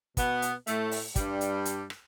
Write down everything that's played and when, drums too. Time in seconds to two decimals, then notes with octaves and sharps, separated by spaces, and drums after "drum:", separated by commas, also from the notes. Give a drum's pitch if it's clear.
0.17 B2 B3, drum: kick, hi-hat
0.42 drum: hi-hat
0.67 A2 A3, drum: hi-hat
0.91 drum: open hi-hat
1.16 G2 G3, drum: kick, hi-hat
1.41 drum: hi-hat
1.65 drum: hi-hat
1.90 drum: rim click